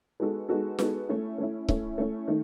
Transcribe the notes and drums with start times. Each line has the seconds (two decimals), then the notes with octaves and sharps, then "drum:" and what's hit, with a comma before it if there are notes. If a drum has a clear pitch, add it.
0.20 G#3 B3 D#4 F#4 A4
0.49 G#3 B3 D#4 F#4 A4
0.79 G#3 B3 D#4 F#4 A4, drum: snare
1.09 A3 C#4 E4
1.38 A3 C#4 E4
1.68 A3 C#4 E4, drum: kick C#1
1.98 A3 C#4 E4
2.28 D#3 A3 D#4